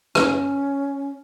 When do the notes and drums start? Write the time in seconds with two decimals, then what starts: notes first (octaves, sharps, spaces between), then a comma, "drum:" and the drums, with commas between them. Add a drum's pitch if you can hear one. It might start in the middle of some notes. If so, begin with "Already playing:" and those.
0.15 C#4, drum: rim click